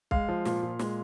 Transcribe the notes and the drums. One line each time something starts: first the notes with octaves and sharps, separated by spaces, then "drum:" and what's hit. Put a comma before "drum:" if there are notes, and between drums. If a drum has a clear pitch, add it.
G#3 F5, drum: kick B1
F3
A#2, drum: snare
A#2
G#3, drum: snare